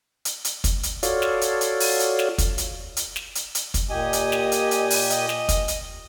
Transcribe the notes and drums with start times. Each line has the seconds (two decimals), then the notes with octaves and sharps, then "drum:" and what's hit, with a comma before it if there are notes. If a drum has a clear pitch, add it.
0.25 drum: hi-hat
0.45 drum: hi-hat
0.64 drum: kick, hi-hat
0.83 drum: hi-hat
1.03 F4 F#4 A4 C#5 D5 F5, drum: hi-hat
1.22 drum: snare
1.41 drum: hi-hat
1.61 drum: hi-hat
1.80 drum: open hi-hat
2.00 drum: hi-hat
2.19 drum: snare
2.38 drum: kick, hi-hat
2.58 drum: hi-hat
2.97 drum: hi-hat
3.16 drum: snare
3.35 drum: hi-hat
3.55 drum: hi-hat
3.74 drum: kick, hi-hat
3.90 A#2 G4 D#5 G#5
4.13 drum: hi-hat
4.32 drum: snare
4.52 drum: hi-hat
4.71 drum: hi-hat
4.90 drum: open hi-hat
5.10 D#5, drum: hi-hat
5.29 drum: snare
5.49 drum: kick, hi-hat
5.68 drum: hi-hat